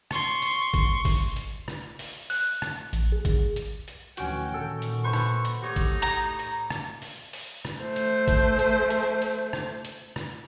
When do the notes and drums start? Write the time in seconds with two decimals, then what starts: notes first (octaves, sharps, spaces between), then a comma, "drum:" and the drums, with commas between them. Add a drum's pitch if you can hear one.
0.11 C6 C#6, drum: rim click
0.42 drum: hi-hat
0.74 drum: kick, hi-hat
1.05 drum: kick, open hi-hat
1.36 drum: hi-hat
1.68 drum: rim click
1.99 drum: open hi-hat
2.30 F#6, drum: open hi-hat
2.62 drum: rim click
2.93 A1, drum: hi-hat
3.12 G#4
3.25 drum: kick, hi-hat
3.56 drum: hi-hat
3.88 drum: hi-hat
4.17 D2 E3 C#4 F#4 G5, drum: hi-hat
4.54 A#2 D#3 A4
4.82 drum: hi-hat
5.04 B4 C5 B5 C#6
5.13 drum: rim click
5.45 drum: hi-hat
5.62 A2 D#4 G4 C#5
5.76 drum: kick, hi-hat
6.02 A#5
6.39 drum: hi-hat
6.70 drum: rim click
7.02 drum: open hi-hat
7.33 drum: open hi-hat
7.65 drum: rim click
7.79 A3 C5
7.96 drum: hi-hat
8.28 drum: kick, hi-hat
8.59 drum: hi-hat
8.90 drum: hi-hat
9.22 drum: hi-hat
9.53 drum: rim click
9.85 drum: hi-hat
10.16 drum: rim click